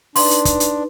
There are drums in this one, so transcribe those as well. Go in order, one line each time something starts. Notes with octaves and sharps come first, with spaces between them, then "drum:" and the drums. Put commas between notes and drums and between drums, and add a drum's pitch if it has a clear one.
D4 D#4 B4 C6, drum: open hi-hat
drum: hi-hat
drum: kick, hi-hat
drum: hi-hat